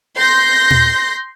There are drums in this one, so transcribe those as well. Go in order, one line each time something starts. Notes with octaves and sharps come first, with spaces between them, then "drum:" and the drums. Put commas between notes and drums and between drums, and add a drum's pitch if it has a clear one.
C6 G6 A#6
drum: tom